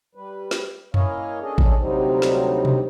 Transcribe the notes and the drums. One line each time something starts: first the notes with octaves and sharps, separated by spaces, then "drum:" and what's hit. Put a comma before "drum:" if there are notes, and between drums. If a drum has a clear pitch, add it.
G3 B4
drum: snare
A#3 C#4 E4 C#5 D#5 F5, drum: tom F2
C#4 D4 G#4 A4 D#5
drum: kick A1
D2 C3 F#3 G3 C4 D#4
drum: snare
drum: tom B2